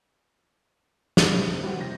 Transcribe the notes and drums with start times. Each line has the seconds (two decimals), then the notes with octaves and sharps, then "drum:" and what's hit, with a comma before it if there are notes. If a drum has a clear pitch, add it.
1.17 D#5, drum: snare
1.31 G#1 A2 C4 C#4 B5
1.49 F#2 C3 C4
1.63 G3 A#3 E4 F#4 G4 C5
1.80 F2 C3 G6 A#6